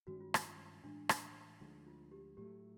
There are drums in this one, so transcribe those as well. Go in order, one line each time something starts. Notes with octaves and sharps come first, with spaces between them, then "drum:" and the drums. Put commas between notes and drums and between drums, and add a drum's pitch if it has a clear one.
G2 D#3 G#3 C#4 F#4
F4
E4, drum: rim click
F4
A2 E3 G#3 D4
drum: rim click
D2 D3 F3 G#3 D#4
F4
G4
A2 F#3 A3 G4